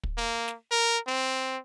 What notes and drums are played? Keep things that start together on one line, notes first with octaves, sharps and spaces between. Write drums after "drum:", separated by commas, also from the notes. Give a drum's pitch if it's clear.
drum: kick
A#3
drum: snare
A#4
C4